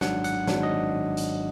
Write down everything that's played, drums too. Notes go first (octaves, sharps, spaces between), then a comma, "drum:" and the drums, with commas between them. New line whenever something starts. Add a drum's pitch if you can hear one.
G#1 G#2 F#3 D4 F#5, drum: snare
F#5, drum: hi-hat
G#1 G#2 F#3 D4, drum: snare
D#5
drum: hi-hat